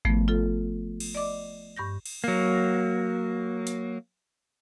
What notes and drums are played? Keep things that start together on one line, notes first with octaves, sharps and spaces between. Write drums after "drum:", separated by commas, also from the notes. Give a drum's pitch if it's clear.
F3 A3 B3, drum: kick G#1
F4 A4
drum: cymbal
D5 D#5 D6
G2 C#6 G6 A#6
drum: cymbal
F#3 A#3
drum: hi-hat